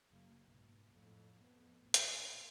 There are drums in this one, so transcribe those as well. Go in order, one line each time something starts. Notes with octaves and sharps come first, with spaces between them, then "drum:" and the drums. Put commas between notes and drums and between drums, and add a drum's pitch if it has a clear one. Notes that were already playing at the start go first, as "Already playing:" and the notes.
F#1 A#3
B1 G#2
F2 A2
F2 B3
A1 F2
drum: hi-hat
A#1